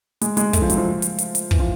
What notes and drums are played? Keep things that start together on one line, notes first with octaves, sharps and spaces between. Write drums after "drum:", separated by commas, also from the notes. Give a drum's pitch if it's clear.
G#3, drum: hi-hat
G#3, drum: hi-hat
A3, drum: kick, hi-hat
F3
F#3, drum: hi-hat
F3
drum: hi-hat
drum: hi-hat
drum: hi-hat
E3, drum: kick
F3